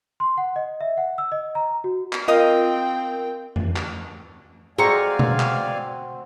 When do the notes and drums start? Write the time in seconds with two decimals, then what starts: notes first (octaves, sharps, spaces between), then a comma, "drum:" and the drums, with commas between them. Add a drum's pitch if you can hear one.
0.20 C6
0.38 F#5
0.56 D#5
0.81 E5
0.97 F#5
1.18 E6
1.32 D#5
1.55 A#5
1.84 F#4
2.13 drum: clap
2.28 C4 F4 A#4 D#5 F5 G5 D#6
3.56 drum: tom F2
3.76 drum: clap
4.78 G#3 C4 F#4 D5 F5 G#5 A#5 C#6
5.19 drum: tom B2
5.40 drum: clap